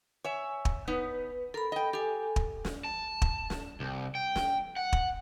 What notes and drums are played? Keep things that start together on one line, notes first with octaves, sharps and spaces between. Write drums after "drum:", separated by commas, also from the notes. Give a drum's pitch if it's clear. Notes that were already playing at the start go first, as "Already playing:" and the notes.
C#5 E5 G#5
drum: kick
B3 D#4 B4
A4 A#4 B5
D#5 G5
G4 A4 G#5
drum: kick
drum: snare
A5
drum: kick
drum: snare
C2
G5
drum: snare
F#5
drum: kick